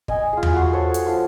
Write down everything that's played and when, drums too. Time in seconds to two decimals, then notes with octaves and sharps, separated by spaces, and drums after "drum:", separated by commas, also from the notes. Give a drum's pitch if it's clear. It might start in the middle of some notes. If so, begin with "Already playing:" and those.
0.08 D#5 G#5, drum: kick
0.33 F4 G#4
0.43 drum: tom E2
0.54 F#4 C6
0.73 A4 C5 C#5
0.94 drum: hi-hat
1.06 F3 C6